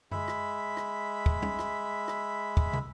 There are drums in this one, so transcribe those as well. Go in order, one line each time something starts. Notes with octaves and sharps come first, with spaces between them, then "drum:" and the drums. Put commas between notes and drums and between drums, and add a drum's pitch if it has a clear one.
G#3 E5 B5, drum: tom F#2
drum: rim click
drum: rim click
drum: kick
drum: tom G3
drum: rim click
drum: rim click
drum: kick
drum: tom